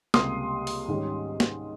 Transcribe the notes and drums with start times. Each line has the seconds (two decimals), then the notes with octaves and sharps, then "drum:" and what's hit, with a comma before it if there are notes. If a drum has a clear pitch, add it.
0.14 C#2 C3 G3 A#3 C6 D#6, drum: snare
0.67 drum: open hi-hat
0.88 G#2 D#3 G3 C#4
1.40 drum: snare